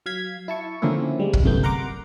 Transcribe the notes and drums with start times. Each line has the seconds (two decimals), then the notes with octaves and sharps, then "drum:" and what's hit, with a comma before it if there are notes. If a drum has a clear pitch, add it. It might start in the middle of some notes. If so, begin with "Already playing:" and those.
0.06 F#3 F5 G#6 B6
0.48 E4 A5 C#6
0.82 D3 F3 A#3 C4 C#4 E4
1.20 G3 G#3
1.33 drum: kick
1.43 G1 C2 F#2 A3 B3 G6
1.63 A#4 F#5 A#5 C6 D6